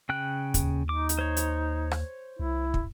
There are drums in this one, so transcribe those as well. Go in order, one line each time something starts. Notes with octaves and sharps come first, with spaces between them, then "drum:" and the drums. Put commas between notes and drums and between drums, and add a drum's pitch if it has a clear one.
C#3 G5 F#6
D#2, drum: kick, hi-hat
D#4 D6
drum: hi-hat
C5 C#5
drum: hi-hat
drum: rim click
C2 E4
drum: kick